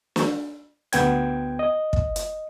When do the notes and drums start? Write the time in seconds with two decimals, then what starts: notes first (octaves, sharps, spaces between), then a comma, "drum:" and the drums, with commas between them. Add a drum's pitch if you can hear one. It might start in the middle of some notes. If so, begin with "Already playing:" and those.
0.16 drum: snare
0.93 D2 B3 G5 G#6, drum: hi-hat
1.59 D#5
1.93 drum: kick
2.16 drum: hi-hat